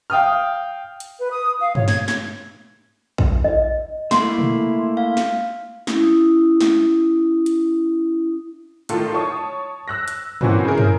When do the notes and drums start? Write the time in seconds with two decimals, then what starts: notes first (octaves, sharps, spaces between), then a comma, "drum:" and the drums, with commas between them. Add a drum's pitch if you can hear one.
0.10 F5 G5 D#6 F6
1.00 drum: hi-hat
1.19 B4
1.31 D#6
1.61 F5
1.75 C#5, drum: tom G2
1.88 G#6, drum: snare
2.08 drum: snare
3.18 drum: kick A#1
3.44 D#5
4.11 A3 A#3 E4 C6, drum: snare
4.38 drum: tom
4.97 F5
5.17 drum: snare
5.87 C#4 E4 D#6, drum: snare
6.61 drum: snare
7.46 drum: hi-hat
8.89 A2 D#3 F4 A4, drum: hi-hat
9.14 C#5 A5 C#6 D#6
9.88 E6 F#6 A#6
10.08 drum: hi-hat
10.41 E3 A#3 C4 C#4 F#4 B4, drum: tom G2
10.65 C#3 C#4 E4 G#4 A#4 C5
10.78 drum: tom